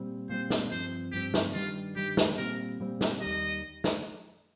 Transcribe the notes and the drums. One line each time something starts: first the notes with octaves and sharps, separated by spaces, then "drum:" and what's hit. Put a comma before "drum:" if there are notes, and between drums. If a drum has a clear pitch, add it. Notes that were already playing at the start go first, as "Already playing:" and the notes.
Already playing: A#2 G3 C4
A#2 G3 C4 C5
drum: snare
G2 F3 C4 C5
G2 F3 C4 G4
drum: snare
G2 D#3 G3 F4
G2 D#3 G3 G4
drum: snare
A#2 G3 C4 A#4
A#2 G3 C4
drum: snare
D#2 D#3 G3 D#5
drum: snare